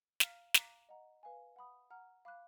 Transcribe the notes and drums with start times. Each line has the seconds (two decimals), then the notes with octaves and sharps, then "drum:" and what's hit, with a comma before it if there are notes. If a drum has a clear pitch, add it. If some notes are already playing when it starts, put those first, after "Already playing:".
0.20 F5 A#5 F6, drum: snare
0.54 F5 A#5 D6 F#6, drum: snare
0.89 D#5 F#5 A#5
1.23 B4 F5 G#5
1.56 F#5 B5 D#6
1.90 F#5 A#5 F6
2.25 F5 B5 D6 F#6